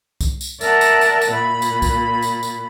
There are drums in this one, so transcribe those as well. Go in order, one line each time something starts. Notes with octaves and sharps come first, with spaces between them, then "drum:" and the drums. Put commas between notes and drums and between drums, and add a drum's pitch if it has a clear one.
drum: kick C2, tambourine
drum: tambourine
A#4 D5 E5 F#5 A5, drum: tambourine
drum: tambourine
drum: tambourine
drum: tambourine
A#2 B5
drum: tambourine
drum: kick C2, tambourine
drum: tambourine
drum: tambourine